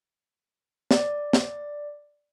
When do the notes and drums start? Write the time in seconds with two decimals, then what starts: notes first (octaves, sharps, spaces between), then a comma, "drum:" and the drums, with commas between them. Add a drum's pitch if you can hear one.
0.91 D5, drum: snare
1.33 drum: snare